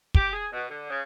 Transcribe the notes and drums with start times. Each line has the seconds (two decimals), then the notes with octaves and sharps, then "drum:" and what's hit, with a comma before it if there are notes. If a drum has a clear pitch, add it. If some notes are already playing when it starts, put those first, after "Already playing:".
0.14 G4, drum: kick
0.32 G#4
0.51 B2
0.69 D3
0.89 C#3